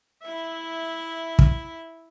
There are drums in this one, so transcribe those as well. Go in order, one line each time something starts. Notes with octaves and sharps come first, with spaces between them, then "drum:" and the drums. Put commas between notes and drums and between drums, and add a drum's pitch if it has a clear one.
E4 E5
drum: kick